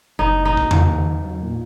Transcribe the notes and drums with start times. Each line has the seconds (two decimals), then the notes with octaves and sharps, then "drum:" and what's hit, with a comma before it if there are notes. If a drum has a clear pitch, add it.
0.19 F#1 D#4
0.45 D#4
0.57 drum: kick
0.71 drum: tom E2
0.81 D#2
1.25 F#2
1.42 A#2